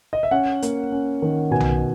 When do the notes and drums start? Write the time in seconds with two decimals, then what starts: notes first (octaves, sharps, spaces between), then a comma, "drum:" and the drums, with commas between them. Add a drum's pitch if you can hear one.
0.13 D#5
0.23 E5
0.31 C#4 F#5
0.62 A#3, drum: hi-hat
0.92 C#4
1.22 D#3
1.51 B2 G#5
1.60 drum: tom B1